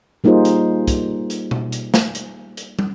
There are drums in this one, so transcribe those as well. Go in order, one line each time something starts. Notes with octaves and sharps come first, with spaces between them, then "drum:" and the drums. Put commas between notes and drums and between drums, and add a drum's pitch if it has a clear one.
G3 A#3 D#4 F4 G#4 C5
drum: hi-hat
drum: kick, hi-hat
drum: hi-hat
drum: tom B2
drum: hi-hat
drum: snare
drum: hi-hat
drum: hi-hat
drum: tom